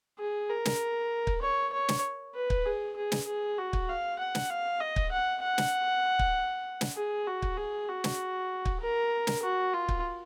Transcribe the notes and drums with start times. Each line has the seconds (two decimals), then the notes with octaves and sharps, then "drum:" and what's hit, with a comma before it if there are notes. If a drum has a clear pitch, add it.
0.19 G#4
0.49 A#4
0.65 drum: snare
1.27 drum: kick
1.42 C#5
1.73 C#5
1.89 drum: snare
2.35 B4
2.50 drum: kick
2.66 G#4
2.96 G#4
3.12 drum: snare
3.27 G#4
3.58 F#4
3.73 drum: kick
3.89 F5
4.19 F#5
4.35 drum: snare
4.50 F5
4.81 D#5
4.96 drum: kick
5.12 F#5
5.43 F#5
5.58 drum: snare
6.19 drum: kick
6.81 drum: snare
6.96 G#4
7.27 F#4
7.42 drum: kick
7.58 G#4
7.88 F#4
8.04 drum: snare
8.65 drum: kick
8.81 A#4
9.27 drum: snare
9.43 F#4
9.74 F4
9.89 drum: kick